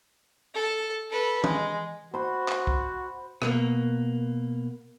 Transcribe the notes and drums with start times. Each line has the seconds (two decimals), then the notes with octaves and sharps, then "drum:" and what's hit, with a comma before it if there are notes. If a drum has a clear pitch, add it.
0.54 A4 A5
1.10 A4 B4
1.44 G#3, drum: tom E3
2.14 F#4 C5 B5
2.48 drum: clap
2.67 drum: kick
3.42 B2 A#3, drum: rim click